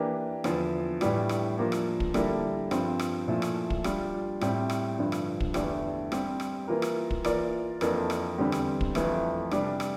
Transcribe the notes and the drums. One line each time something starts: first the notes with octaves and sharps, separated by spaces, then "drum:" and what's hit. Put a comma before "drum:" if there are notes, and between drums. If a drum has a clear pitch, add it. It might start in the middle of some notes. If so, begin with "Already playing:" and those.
Already playing: E3 A#3 D4 G4
E2 D3 F3, drum: rim click
A2 E3 G3 D4, drum: rim click
drum: rim click
F3 A#3 D4
drum: rim click
drum: kick
D3 G3 A#3 E4 A4, drum: rim click
G2 F3 C4, drum: rim click
drum: rim click
A#2 F3 A3 E4
drum: rim click
drum: kick
G3 D4 F4, drum: rim click
A2 G3 C4, drum: rim click
drum: rim click
G2 D3 F3
drum: rim click
drum: kick
E2 D3 A3 D4 G4, drum: rim click
G3 C4 G4, drum: rim click
drum: rim click
E3 A#3 F4 A#4
drum: rim click
drum: kick
E3 A#3 F4 A#4 D5, drum: rim click
F2 E3 A#3 D4 A4, drum: rim click
drum: rim click
E2 D3 G3 C4
drum: rim click
drum: kick
F2 E3 A3, drum: rim click
C3 G3 D4, drum: rim click
drum: rim click